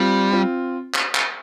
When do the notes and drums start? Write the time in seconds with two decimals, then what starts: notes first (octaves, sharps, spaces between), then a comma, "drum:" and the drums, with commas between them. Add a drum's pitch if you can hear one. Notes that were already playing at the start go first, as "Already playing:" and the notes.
Already playing: G3 C4 F4
0.33 C4 F4
0.94 drum: clap
1.15 drum: clap